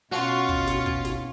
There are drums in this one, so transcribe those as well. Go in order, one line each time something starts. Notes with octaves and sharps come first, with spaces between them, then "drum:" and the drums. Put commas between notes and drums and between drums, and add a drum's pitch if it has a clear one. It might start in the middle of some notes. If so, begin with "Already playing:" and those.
B2 C#4 F4 F#4 F5 C#6 A6
drum: kick
drum: snare
drum: kick
drum: snare